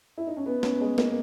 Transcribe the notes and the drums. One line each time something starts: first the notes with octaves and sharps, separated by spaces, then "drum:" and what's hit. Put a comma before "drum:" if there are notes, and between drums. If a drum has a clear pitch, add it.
E4
D#4
C#4
B3
C#4, drum: snare
G#3
A#3, drum: snare